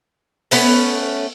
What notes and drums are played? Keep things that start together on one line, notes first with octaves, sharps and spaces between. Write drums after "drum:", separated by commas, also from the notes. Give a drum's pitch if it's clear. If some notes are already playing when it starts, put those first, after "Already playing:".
A3 B3 C#4, drum: open hi-hat